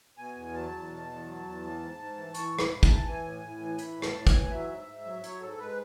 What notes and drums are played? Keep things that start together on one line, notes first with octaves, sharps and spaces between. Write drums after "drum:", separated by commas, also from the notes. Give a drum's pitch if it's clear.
B2 G#5
E2
F#3 A5
E2
B2
E2
F#3
E2
E3
G#2
G#2
E3
E3 C#6, drum: hi-hat
G#2
B5, drum: rim click
G#2
A5, drum: kick, hi-hat
E3
E3 G#5
A2
A2
E3
E3 B5, drum: hi-hat
A2
A5, drum: rim click
A2
G#5, drum: kick, hi-hat
E3
F#3 E5
G#2
G#2
F#3
F#3 C#5, drum: hi-hat
G#2 A4
G#2 B4